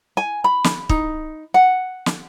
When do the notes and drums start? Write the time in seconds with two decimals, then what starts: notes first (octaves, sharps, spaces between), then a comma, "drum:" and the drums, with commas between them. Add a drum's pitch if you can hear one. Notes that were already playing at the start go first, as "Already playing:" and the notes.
0.17 G#5
0.44 B5
0.64 drum: snare
0.89 D#4, drum: kick
1.54 F#5
2.06 drum: snare